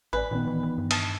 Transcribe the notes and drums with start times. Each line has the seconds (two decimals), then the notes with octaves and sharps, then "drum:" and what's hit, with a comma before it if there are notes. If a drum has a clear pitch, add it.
0.13 A1 B4 D5 G#5
0.31 A#2 D#3 B3
0.47 E3
0.63 E3
0.78 G2
0.91 D#5 A5, drum: cymbal